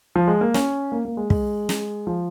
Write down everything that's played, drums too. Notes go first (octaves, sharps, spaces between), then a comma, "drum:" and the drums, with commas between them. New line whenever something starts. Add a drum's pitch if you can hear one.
F3
G#3
A#3
C#4, drum: snare
A#3
A#3
G#3
G#3, drum: kick
drum: snare
F3